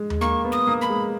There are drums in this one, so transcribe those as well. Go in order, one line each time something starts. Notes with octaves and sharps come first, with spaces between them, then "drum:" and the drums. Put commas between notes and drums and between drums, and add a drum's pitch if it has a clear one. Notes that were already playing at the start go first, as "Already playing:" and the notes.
Already playing: G#3
drum: tom D#2
A#3 C#6
B3
D#6, drum: snare
A#3
B5
G#3